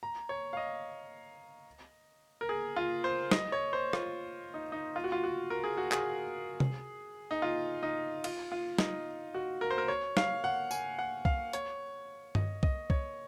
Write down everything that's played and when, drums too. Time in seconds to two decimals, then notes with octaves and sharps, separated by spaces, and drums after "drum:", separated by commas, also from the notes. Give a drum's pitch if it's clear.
0.03 A#5
0.29 C#5
0.53 F5
0.57 D#5
2.41 A#4
2.49 G#4
2.76 F4
3.04 C5
3.31 D#5, drum: snare
3.52 C#5
3.73 C5
3.93 F4, drum: rim click
4.54 D#4
4.72 D#4
4.96 F4
5.04 F#4
5.12 F4
5.24 F#4
5.50 A#4
5.64 G#4
5.77 F#4
5.92 G#4, drum: clap
6.60 drum: tom C3
7.31 D#4
7.42 F4
7.83 D#4
8.24 F4, drum: cymbal
8.52 F4
8.78 D#4, drum: snare
9.34 F#4
9.61 A#4
9.71 C5
9.78 A#4
9.88 C#5
10.17 F5, drum: snare
10.44 F#5
10.71 G#5, drum: tambourine
10.99 F#5
11.25 F5, drum: kick C2
11.53 C#5, drum: hi-hat
12.35 D#5, drum: tom G2
12.63 D#5, drum: kick C2
12.90 C#5, drum: kick C2